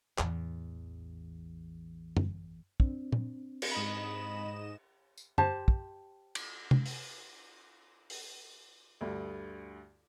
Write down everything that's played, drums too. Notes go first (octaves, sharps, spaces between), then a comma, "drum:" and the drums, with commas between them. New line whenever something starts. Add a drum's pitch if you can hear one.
A1 E2, drum: clap
drum: tom F#2
C4 D4, drum: kick
drum: tom A#2
drum: cymbal
G#2 D#5 B5 E7
drum: tambourine
G4 C5 A5, drum: tom F#2
drum: kick
drum: cymbal
drum: tom C3
drum: open hi-hat
drum: open hi-hat
D2 G2